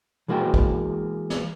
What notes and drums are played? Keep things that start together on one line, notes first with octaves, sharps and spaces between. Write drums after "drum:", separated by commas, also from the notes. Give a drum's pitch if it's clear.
E3 G#3 A#3 F#4 G4
drum: kick
drum: snare